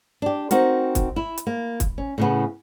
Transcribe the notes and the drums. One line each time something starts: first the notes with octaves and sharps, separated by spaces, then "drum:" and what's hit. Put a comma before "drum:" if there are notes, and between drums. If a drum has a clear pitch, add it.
D4 G4
C4 D#4 F#4 A#4, drum: hi-hat
drum: kick, hi-hat
E4
drum: hi-hat
A#3
drum: kick, hi-hat
C#4
A2 C#3 B3